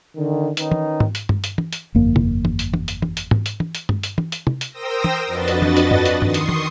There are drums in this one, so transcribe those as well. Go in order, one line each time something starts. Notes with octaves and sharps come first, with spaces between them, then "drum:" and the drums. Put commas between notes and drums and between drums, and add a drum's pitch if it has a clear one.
D3 D#3
D#3 C#4 D#4 B4, drum: hi-hat
drum: tom
drum: tom G#2
drum: hi-hat
drum: tom G2
drum: hi-hat
drum: tom
drum: hi-hat
G1 F2 A#3
drum: tom
drum: tom
drum: hi-hat
drum: tom
drum: hi-hat
drum: tom
drum: hi-hat
drum: tom G#2
drum: hi-hat
drum: tom
drum: hi-hat
drum: tom G2
drum: hi-hat
drum: tom
drum: hi-hat
drum: tom
drum: hi-hat
A#4 C5 G5 D#6 E6 A#6
drum: tom
F2 D4 F#4 B4 D#5 A6
drum: hi-hat
drum: tom
drum: hi-hat
drum: tom G2
drum: hi-hat
D#3 C6 C#6 D#6 C7, drum: tom G2
drum: hi-hat
drum: tom